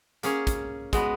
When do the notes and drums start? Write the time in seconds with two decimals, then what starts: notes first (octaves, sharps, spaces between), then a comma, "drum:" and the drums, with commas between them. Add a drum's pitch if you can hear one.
0.23 A#3 C#4 G#4 C#5, drum: hi-hat
0.47 drum: kick, hi-hat
0.93 G#3 B3 F#4 B4, drum: kick, hi-hat